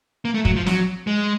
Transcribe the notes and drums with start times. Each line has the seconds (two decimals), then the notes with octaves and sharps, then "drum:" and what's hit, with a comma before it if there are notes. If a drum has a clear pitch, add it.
0.25 A#3
0.34 A3
0.45 F#3, drum: kick
0.56 F3
0.66 F#3, drum: snare
1.07 G#3